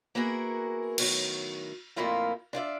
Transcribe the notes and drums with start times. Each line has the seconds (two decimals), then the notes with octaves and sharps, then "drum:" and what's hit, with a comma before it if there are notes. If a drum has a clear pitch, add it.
0.15 A#3 B3 E4 F#4 G#4 A#4
0.98 A2 D#3 F#3 B3, drum: cymbal
1.96 F2 A#2 A3 A#3 E4 F4
2.53 D4 F4 D5 E5